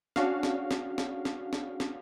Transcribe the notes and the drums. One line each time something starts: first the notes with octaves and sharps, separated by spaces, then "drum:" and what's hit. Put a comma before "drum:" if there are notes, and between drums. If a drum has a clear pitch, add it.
C#4 D4 F#4 F5, drum: snare
drum: snare
drum: snare
drum: snare
drum: snare
drum: snare
drum: snare